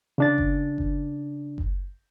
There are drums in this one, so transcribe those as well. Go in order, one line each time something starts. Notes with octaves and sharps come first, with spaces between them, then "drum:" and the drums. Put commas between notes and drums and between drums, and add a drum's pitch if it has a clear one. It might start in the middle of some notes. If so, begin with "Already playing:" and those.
C#3 D4 A6
drum: kick F#1
drum: kick F#1
drum: kick F#1